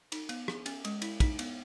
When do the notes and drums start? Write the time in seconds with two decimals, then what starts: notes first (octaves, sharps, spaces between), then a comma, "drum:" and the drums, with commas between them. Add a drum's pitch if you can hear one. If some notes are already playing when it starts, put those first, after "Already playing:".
0.12 D#4, drum: cymbal
0.29 B3, drum: cymbal
0.48 G#4, drum: rim click
0.66 C#4, drum: cymbal
0.85 G#3, drum: cymbal
1.02 E4, drum: cymbal
1.20 D#4, drum: kick, cymbal
1.39 B3, drum: cymbal